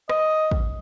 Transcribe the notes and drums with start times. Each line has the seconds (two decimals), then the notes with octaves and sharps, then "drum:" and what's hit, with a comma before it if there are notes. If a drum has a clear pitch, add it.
0.09 D#5, drum: rim click
0.51 drum: kick